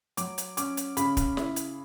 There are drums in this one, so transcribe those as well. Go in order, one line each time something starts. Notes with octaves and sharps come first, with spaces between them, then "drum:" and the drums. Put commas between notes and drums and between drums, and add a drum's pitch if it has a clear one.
F#3 D6, drum: hi-hat
drum: hi-hat
C#4 D6, drum: hi-hat
drum: hi-hat
C#3 B5, drum: hi-hat
drum: kick, hi-hat
E4, drum: snare
drum: hi-hat